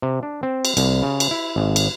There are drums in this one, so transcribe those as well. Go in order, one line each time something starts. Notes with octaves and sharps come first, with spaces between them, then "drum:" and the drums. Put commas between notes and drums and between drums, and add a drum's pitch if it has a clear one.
C3
D4
C4
drum: cymbal
C2, drum: cymbal
C#3
drum: cymbal
E4
G#1
drum: cymbal